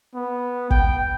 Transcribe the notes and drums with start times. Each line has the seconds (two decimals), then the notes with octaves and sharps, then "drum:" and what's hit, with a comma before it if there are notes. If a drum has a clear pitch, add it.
0.15 B3
0.70 G5, drum: kick